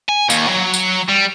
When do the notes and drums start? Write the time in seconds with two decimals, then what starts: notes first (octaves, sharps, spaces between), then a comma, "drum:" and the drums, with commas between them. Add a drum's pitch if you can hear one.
0.09 G#5
0.30 D#2, drum: tambourine
0.49 F#3
0.74 drum: tambourine
1.08 G3